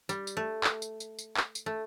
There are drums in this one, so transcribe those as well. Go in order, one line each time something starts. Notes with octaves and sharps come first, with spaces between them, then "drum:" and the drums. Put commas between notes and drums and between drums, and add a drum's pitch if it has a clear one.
G3, drum: tambourine
drum: tambourine
A3
drum: clap
drum: tambourine
drum: tambourine
drum: tambourine
drum: clap
drum: tambourine
A3